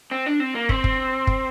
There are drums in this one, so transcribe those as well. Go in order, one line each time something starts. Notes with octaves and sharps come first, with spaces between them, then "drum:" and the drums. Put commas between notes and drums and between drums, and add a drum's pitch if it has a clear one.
C4
D4
C4
A#3
C4, drum: kick
drum: kick
drum: kick